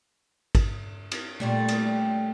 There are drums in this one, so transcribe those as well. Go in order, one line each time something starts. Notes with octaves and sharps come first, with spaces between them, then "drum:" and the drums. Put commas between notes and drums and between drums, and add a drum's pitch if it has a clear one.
drum: kick G#1, cymbal
drum: cymbal
A#2 G3 A3
drum: cymbal